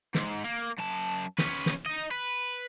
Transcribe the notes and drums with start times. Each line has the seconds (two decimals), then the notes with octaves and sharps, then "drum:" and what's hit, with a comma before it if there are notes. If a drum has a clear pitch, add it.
0.15 G#2, drum: snare
0.44 A#3
0.78 F#2 A5
1.38 C#4 B4, drum: snare
1.66 drum: snare
1.86 D#4 D#5
2.11 B4